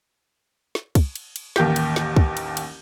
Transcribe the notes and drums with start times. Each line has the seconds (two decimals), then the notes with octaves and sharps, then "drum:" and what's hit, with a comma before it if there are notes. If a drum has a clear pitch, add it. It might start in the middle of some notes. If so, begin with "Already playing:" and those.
0.75 drum: snare
0.95 drum: kick, cymbal
1.16 drum: cymbal
1.36 drum: cymbal
1.56 A1 D#2 A#3 G4 G6 B6, drum: snare
1.76 drum: cymbal
1.96 drum: snare
2.16 drum: kick
2.37 drum: cymbal
2.57 drum: cymbal